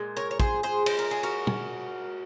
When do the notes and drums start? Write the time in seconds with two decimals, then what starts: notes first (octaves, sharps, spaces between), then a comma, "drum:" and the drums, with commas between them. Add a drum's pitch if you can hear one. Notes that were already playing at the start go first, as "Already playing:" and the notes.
Already playing: A#2 G#3
0.16 A#4 C#5
0.31 C#5
0.40 G#4 C5, drum: kick
0.63 G#4 C5
0.86 C5, drum: cymbal
0.99 A#4
1.11 G#4
1.23 F#4 A#4
1.47 drum: tom